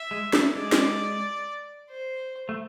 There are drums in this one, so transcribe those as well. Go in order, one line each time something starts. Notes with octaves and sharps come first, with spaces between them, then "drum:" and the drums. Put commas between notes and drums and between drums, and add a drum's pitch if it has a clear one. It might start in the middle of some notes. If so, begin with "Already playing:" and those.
Already playing: E5
G#3
A3, drum: snare
G#3 D5
drum: snare
C5
A3